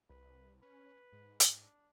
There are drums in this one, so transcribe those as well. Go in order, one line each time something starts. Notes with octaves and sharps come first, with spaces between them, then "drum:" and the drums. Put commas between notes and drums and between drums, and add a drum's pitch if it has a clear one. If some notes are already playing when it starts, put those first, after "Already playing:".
C2 B4
C#4 B4
G#2
drum: hi-hat
D4